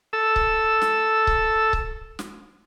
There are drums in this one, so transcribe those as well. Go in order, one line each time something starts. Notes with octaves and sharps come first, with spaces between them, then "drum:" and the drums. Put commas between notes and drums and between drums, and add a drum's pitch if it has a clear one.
A4 E6
drum: kick C#1
drum: snare
drum: kick C#1
drum: kick C#1
drum: snare